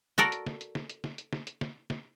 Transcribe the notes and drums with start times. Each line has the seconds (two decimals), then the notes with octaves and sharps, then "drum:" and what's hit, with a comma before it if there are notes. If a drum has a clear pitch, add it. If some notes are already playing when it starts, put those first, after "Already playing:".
0.18 F#4 A4 A#4 D5, drum: snare
0.32 drum: hi-hat
0.46 drum: snare
0.61 drum: hi-hat
0.75 drum: snare
0.90 drum: hi-hat
1.04 drum: snare
1.18 drum: hi-hat
1.33 drum: snare
1.47 drum: hi-hat
1.61 drum: snare
1.90 drum: snare